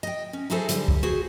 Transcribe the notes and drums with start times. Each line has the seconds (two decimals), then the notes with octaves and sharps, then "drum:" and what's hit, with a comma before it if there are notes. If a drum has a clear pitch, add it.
0.03 D#5 G5
0.33 C#4
0.50 D#4 E4 F#4 G#4 A4 C5
0.69 D3 G3 A#5, drum: hi-hat
0.88 drum: kick
1.03 F#4 G#4 C5